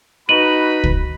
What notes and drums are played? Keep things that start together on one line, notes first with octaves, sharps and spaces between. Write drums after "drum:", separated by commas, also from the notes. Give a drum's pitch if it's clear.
D#4 F#4 B4 B5 D#7 F#7
drum: kick